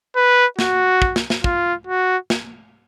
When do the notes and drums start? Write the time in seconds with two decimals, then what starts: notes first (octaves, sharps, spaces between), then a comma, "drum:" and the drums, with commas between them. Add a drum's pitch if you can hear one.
0.16 B4
0.59 F#4, drum: snare
1.02 drum: kick
1.16 drum: snare
1.30 drum: snare
1.44 F4, drum: kick
1.87 F#4
2.30 drum: snare